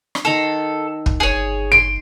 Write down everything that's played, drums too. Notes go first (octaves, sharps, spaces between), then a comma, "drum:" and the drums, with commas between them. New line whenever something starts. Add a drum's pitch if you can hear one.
drum: rim click
D#3 A4 A#5 C6
drum: kick
G1 G#4 C#5
C6 D7